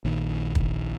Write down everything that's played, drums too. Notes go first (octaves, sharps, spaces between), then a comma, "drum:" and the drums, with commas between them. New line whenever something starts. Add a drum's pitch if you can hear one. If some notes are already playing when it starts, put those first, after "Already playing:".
A#1 D#3
drum: kick